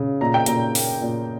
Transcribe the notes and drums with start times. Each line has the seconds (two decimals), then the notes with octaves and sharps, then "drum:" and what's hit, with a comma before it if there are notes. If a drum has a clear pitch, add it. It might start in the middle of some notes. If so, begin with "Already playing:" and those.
Already playing: C#3
0.21 A#2 A#5
0.34 G5
0.46 A#2 A#5, drum: hi-hat
0.75 A#3, drum: open hi-hat
1.02 A#2